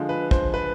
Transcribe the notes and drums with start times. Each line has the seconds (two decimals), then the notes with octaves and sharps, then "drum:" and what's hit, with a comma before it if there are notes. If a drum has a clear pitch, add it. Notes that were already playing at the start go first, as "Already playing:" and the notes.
Already playing: D3 F3 G#3
0.09 B4
0.31 C5, drum: kick
0.54 B4